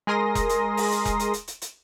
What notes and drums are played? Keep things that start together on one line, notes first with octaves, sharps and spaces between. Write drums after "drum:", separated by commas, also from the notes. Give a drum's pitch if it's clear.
G#3 G#4 A#4 C6 D#6 A#6
drum: kick E1, hi-hat
drum: hi-hat
drum: open hi-hat
drum: hi-hat
drum: kick E1, hi-hat
drum: hi-hat
drum: hi-hat
drum: hi-hat
drum: hi-hat